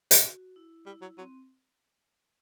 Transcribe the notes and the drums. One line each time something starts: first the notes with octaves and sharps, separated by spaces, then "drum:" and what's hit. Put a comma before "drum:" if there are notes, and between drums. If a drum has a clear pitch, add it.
drum: hi-hat
F#4
E4
G3 E4
F#3
F#3 C4